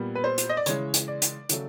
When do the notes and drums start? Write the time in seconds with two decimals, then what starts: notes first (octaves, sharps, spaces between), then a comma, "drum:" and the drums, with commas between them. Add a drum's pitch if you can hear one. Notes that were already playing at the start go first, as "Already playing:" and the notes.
Already playing: A#2 G3 B3
0.15 B4
0.24 C5
0.38 drum: hi-hat
0.49 D#5
0.57 D5
0.66 C#3 E3 G#3 C#5, drum: hi-hat
0.94 drum: hi-hat
1.08 D5
1.22 drum: hi-hat
1.49 C#3 F#3 A3, drum: hi-hat